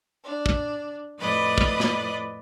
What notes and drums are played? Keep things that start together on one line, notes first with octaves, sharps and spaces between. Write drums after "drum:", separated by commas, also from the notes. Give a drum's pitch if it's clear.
D4
drum: kick
F2 A2 B4 D5 D#5 B5
drum: kick
drum: snare